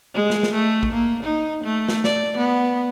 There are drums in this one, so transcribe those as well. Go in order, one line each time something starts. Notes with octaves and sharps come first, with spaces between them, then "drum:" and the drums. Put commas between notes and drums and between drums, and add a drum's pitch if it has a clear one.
G#3
drum: snare
drum: snare
A3
drum: kick A1
A#3
D#4
A3
drum: snare
D5, drum: snare
B3